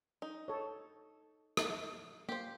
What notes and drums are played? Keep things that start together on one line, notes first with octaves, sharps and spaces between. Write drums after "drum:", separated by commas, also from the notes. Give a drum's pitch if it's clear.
D#4
A4 C#5
drum: rim click
A#3 G4 C5